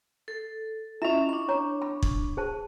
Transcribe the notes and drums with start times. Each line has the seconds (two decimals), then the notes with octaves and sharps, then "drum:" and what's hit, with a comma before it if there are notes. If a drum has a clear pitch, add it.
0.28 A4
1.02 C#4 E4 F4 D#5 E5
1.29 D4 B5 C#6
1.49 C#5 A#5
1.82 B5
2.03 drum: kick
2.37 G#4 C5 A5